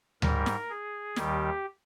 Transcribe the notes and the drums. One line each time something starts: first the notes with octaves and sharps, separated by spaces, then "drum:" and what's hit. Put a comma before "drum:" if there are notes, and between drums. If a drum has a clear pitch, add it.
G#2 G3 A#4, drum: tom D2
drum: snare
G#4
D#2 D#3 G3 G4, drum: snare